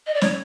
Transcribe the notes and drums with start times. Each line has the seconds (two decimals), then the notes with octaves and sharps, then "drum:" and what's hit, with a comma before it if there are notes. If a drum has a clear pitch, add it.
0.07 D#5
0.14 D5
0.21 C#5, drum: snare